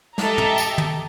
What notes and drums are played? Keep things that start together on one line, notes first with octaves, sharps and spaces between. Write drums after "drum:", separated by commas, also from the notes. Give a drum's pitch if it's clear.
G4 A4 D#5 E5 A5 A#5, drum: snare
drum: tom
drum: tambourine
drum: tom